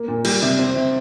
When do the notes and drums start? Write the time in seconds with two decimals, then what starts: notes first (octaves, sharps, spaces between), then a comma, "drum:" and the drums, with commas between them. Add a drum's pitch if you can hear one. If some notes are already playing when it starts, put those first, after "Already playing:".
Already playing: A#3
0.08 A#2
0.25 G3, drum: cymbal
0.42 C3
0.59 C4
0.76 C3